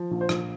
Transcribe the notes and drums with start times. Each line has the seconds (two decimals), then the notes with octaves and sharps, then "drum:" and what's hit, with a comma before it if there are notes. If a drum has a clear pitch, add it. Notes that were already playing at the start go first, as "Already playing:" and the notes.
Already playing: F3
0.11 A#1
0.21 C5
0.29 A#1, drum: rim click